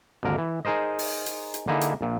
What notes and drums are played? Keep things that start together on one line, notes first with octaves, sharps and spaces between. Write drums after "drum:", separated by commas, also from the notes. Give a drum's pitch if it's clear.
G#1 D#2 D3 A#4
E3
D#4 G#4 A#4 C5 D#5
drum: open hi-hat
drum: hi-hat
drum: hi-hat
D3 A#3 D#4 E4 G#4
drum: hi-hat
A#1 A#2